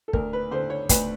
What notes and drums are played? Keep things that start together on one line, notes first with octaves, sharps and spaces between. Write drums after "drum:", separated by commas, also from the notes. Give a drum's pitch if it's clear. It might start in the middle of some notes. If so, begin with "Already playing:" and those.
A4
D2 A#4, drum: kick
B4
D3 C5
C#5
D2 B4, drum: kick, hi-hat